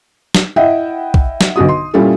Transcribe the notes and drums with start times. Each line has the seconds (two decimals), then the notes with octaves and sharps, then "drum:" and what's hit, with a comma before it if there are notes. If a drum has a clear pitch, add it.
0.35 drum: snare
0.56 E4 D#5 E5 F#5 G5
1.14 drum: kick C2
1.41 drum: snare
1.56 B1 D3 F#4 D#6
1.69 C6
1.94 A#2 G3 C#4 E4 F4 A4